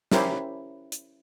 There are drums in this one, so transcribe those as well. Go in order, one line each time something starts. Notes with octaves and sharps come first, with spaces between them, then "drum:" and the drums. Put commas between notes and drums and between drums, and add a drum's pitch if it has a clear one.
C#4 E4 G4 A#4 C5, drum: snare
drum: hi-hat